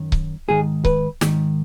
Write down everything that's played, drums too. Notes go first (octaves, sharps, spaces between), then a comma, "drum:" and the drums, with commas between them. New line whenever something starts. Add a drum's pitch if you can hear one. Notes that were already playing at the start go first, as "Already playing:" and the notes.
Already playing: F#2 D#3
drum: kick C#1
G#2 D#3 G#4
B4, drum: kick C#1
G#2 D#3, drum: snare